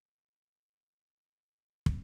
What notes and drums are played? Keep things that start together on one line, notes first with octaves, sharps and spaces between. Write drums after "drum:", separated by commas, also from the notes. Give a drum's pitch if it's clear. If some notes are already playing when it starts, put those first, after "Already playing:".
A#3
D4
drum: kick